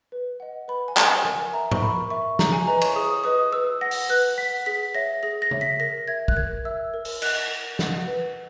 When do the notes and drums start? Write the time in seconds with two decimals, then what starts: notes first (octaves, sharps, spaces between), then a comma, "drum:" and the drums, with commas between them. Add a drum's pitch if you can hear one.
0.12 B4
0.40 D#5 F#5
0.68 B4 B5
0.88 G#5
0.97 D#5 F#5, drum: clap
1.06 G#5
1.25 A#4 G#5, drum: rim click
1.53 E5 A#5
1.72 C#6, drum: tom G#2
1.82 A#4 B5
2.10 E5 C#6
2.39 G#4 A#5, drum: snare
2.53 G#5
2.67 B4 D#5 A#5
2.81 C#6, drum: cymbal
2.96 G#4 D#6
3.24 B4 D#5 D#6
3.53 B4 E6
3.81 F#5 A#6
3.91 drum: open hi-hat
4.09 B4 F#6
4.38 F#5 B6
4.66 G#4 B6
4.95 C#5 E5 A#6
5.23 G#4 A#6
5.42 A#6
5.51 C#5 E5, drum: tom
5.61 B6
5.80 A#4 A#6
6.08 E5 G#6
6.28 F#6, drum: kick
6.36 A#4 G#6
6.65 E5 E6
6.94 A#4
7.05 drum: open hi-hat
7.22 D#5 F#5 F#6, drum: cymbal
7.50 A#4
7.79 D#5 F#5, drum: snare
8.07 B4